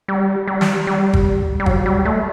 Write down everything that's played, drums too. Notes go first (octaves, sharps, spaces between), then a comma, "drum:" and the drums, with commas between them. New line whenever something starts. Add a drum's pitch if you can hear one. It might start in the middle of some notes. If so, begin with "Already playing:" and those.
G3
G3
drum: snare
G3
drum: kick
G3
F#3, drum: kick
G3
A3